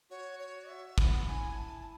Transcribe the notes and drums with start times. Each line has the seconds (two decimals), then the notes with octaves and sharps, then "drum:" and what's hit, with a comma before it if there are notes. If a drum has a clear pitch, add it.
0.11 F#4 C#5
0.39 C#5
0.69 E5
0.98 E4 F#5, drum: kick
1.27 G#5
1.55 A5